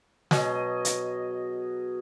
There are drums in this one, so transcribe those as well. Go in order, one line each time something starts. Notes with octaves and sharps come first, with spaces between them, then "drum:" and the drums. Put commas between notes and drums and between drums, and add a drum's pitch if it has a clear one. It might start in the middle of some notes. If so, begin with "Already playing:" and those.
B2 F#3 G#4 D#5, drum: snare
drum: hi-hat